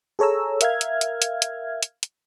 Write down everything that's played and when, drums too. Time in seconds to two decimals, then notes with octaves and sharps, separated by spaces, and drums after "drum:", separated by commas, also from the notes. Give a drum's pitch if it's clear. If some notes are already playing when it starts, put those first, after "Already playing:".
0.19 G#4 A4 C#5 A#5 E6
0.61 A#4 E5 F5 F6 G#6, drum: hi-hat
0.81 drum: hi-hat
1.01 drum: hi-hat
1.22 drum: hi-hat
1.42 drum: hi-hat
1.83 drum: hi-hat
2.03 drum: hi-hat